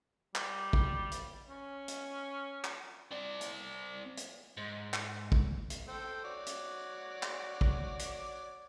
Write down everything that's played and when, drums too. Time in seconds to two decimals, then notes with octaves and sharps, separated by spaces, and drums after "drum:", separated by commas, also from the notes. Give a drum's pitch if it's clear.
0.35 G3, drum: clap
0.73 drum: kick
1.11 drum: hi-hat
1.50 C#4
1.88 drum: hi-hat
2.64 drum: clap
3.11 C4 D5
3.41 drum: hi-hat
4.17 drum: hi-hat
4.57 G#2
4.94 drum: clap
5.32 drum: kick
5.70 drum: hi-hat
5.88 A4 C5 G5
6.24 F#4 C#5 D5
6.46 drum: hi-hat
7.23 drum: clap
7.61 drum: kick
7.99 drum: hi-hat